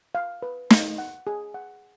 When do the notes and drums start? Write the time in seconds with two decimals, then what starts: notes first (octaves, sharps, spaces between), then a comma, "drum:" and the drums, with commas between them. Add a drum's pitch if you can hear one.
0.15 F5
0.42 B4
0.70 F5, drum: snare
0.98 F#5
1.27 G#4
1.54 F#5